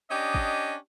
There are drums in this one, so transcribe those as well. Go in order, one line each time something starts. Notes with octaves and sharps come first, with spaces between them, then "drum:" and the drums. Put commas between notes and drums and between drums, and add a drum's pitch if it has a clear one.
C#4 D4 G4 D#5
drum: kick